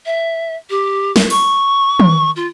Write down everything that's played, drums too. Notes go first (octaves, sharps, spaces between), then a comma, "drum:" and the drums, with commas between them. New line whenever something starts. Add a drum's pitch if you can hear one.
E5
G4
drum: snare
C#6, drum: open hi-hat
drum: tom
F4